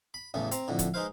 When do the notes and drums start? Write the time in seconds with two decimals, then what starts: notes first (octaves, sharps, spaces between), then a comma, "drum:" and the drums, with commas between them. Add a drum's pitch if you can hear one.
0.14 B5
0.34 A1 E2 C#3 A3
0.51 C4 A#5 C6, drum: hi-hat
0.68 F2 A2 D3
0.79 drum: kick C#1, hi-hat
0.94 G#3 D#4 B4 C5 F5